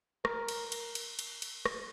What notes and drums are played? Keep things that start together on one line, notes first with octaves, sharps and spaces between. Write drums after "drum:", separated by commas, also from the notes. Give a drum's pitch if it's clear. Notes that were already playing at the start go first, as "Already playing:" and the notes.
A#4, drum: rim click
drum: cymbal
drum: cymbal
drum: cymbal
drum: cymbal
drum: cymbal
drum: rim click